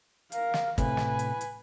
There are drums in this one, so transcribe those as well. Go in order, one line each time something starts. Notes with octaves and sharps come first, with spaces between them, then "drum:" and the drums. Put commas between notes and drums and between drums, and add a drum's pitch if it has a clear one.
A#4 F5, drum: hi-hat
drum: snare
A2 C3 B4 G#5, drum: kick, hi-hat
drum: snare
drum: hi-hat
drum: hi-hat